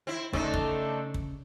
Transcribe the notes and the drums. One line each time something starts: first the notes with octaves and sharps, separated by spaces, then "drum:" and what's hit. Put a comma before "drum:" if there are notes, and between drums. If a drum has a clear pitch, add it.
C4 E4
C#3 A3 C4 D4 D#4 A4, drum: kick
drum: kick
drum: kick